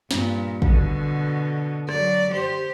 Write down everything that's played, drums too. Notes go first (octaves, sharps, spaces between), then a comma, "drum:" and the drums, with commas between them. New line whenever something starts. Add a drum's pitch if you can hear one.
G2 A#2, drum: snare
B2 D3, drum: kick
F#3 D5, drum: rim click
G4 C5